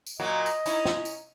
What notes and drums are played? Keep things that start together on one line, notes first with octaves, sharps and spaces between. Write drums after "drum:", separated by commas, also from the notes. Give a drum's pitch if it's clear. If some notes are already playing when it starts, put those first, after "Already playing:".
drum: tambourine
A#2 F#3 A#3 D#5
drum: tambourine
C#4 D#4 E4, drum: tambourine
drum: snare
drum: tambourine